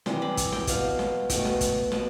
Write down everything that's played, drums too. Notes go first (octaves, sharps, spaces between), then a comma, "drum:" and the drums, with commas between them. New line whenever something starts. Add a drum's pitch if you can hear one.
C3 E3 G3 C6, drum: snare
B5
drum: kick, hi-hat
G5, drum: snare
B2 B3 F5, drum: kick, hi-hat
drum: snare
B2 A3 G5, drum: kick, hi-hat
drum: snare
drum: kick, hi-hat
B2 B3 A5, drum: snare